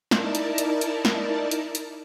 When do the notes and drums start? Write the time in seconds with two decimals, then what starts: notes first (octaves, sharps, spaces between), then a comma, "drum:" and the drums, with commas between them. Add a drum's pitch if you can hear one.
0.11 D#4 E4 A#4 D5 A5, drum: snare
0.35 drum: hi-hat
0.58 drum: hi-hat
0.81 drum: hi-hat
1.05 drum: snare
1.51 drum: hi-hat
1.75 drum: hi-hat